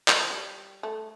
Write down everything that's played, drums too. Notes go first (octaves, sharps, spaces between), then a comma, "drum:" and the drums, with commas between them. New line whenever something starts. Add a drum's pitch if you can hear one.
G3, drum: clap
F3
G3
A3